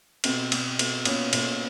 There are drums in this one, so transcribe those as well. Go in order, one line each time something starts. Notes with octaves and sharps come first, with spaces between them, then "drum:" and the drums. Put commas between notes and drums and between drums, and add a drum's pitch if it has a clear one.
B2 C4, drum: cymbal
B2, drum: cymbal
B2, drum: cymbal
A#2 B3 C#4, drum: cymbal
A#2, drum: cymbal